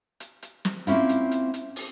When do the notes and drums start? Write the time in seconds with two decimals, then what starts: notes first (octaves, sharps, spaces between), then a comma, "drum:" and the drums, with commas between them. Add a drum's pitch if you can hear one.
0.20 drum: hi-hat
0.42 drum: hi-hat
0.65 drum: snare
0.87 A#3 C4 C#4 E4 F4, drum: hi-hat
1.09 drum: hi-hat
1.31 drum: hi-hat
1.54 drum: hi-hat
1.76 drum: open hi-hat